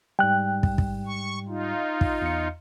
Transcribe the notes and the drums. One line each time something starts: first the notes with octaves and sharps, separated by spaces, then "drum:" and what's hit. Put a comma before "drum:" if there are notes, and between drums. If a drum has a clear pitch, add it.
G#2 G3 G5 F#6
drum: kick
drum: kick
C#6
D#4 F4
drum: kick
E2 C#7